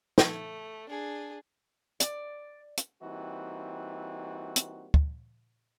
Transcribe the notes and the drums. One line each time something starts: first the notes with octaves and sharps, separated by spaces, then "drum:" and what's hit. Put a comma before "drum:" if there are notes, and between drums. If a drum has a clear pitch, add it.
A3, drum: snare
D4 G#4
D5, drum: hi-hat
drum: hi-hat
E3 G3 A#3 C4 D#4 F#4
drum: hi-hat
drum: kick